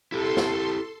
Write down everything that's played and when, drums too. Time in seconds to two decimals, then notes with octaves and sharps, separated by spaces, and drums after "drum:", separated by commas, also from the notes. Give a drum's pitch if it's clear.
0.12 E4 G4 A4 C6
0.37 drum: snare